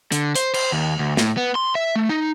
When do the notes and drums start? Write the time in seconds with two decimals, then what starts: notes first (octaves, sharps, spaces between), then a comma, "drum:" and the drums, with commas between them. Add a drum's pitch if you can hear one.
0.12 D3, drum: hi-hat
0.35 C5, drum: hi-hat
0.54 C5, drum: cymbal
0.72 D#2
0.99 D2
1.17 A2, drum: snare
1.37 B3
1.55 C6
1.75 E5
1.96 A3
2.09 D#4